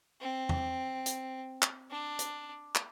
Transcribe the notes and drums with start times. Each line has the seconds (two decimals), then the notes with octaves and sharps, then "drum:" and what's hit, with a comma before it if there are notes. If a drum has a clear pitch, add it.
0.21 C4
0.49 drum: tom E2
1.06 drum: hi-hat
1.62 drum: clap
1.91 D4
2.19 drum: hi-hat
2.75 drum: clap